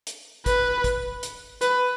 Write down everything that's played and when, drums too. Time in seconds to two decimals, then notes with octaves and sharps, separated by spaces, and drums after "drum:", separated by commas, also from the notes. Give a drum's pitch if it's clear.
0.07 drum: hi-hat
0.46 B4, drum: kick, hi-hat
0.84 drum: kick, hi-hat
1.23 drum: hi-hat
1.61 B4, drum: hi-hat